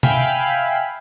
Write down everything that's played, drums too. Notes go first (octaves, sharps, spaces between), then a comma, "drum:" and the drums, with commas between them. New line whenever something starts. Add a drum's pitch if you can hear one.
E5 F5 G5 G#5 B5, drum: tom